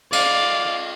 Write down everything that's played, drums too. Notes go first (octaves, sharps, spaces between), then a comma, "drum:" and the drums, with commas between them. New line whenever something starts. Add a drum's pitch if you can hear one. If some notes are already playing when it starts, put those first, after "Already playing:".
D5 F5, drum: cymbal